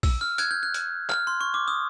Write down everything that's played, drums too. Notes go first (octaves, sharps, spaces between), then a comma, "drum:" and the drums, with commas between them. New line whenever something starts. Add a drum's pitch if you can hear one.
E6, drum: kick, open hi-hat
F6
F#6 G#6, drum: hi-hat
G6
F#6
drum: hi-hat
F6, drum: clap
C6
C#6
D6
D#6